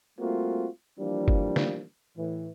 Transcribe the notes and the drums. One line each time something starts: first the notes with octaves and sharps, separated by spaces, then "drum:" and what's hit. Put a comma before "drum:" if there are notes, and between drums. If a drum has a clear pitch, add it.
G3 A3 A#3 C4 F4 F#4
E3 F3 G3 A#3 D4
drum: kick
drum: snare
A2 E3